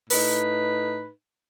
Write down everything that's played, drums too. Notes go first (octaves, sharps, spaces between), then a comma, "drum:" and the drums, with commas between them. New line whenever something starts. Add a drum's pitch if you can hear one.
A2 D#4 B4, drum: open hi-hat